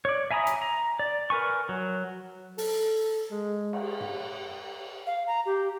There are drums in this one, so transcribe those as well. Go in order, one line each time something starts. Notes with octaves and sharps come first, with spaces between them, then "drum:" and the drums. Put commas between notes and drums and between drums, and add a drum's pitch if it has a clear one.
C#5 D5
E5 G#5 A#5 B5 D#6
drum: hi-hat
A#5
D5
A#4 B4 G#5 C#6
F#3
A4, drum: open hi-hat
G#3
drum: cymbal
drum: tom
F5
A#5
G4